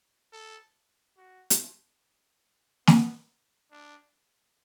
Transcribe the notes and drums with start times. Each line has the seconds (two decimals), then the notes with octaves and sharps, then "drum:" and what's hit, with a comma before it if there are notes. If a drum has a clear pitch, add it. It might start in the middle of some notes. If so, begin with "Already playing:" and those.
0.33 A4
1.18 F#4
1.50 drum: hi-hat
2.87 B3, drum: snare
3.71 D4